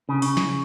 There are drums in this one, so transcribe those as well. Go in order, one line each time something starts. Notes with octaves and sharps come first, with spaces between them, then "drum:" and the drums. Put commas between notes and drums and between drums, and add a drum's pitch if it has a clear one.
C#3
C#3, drum: open hi-hat
drum: snare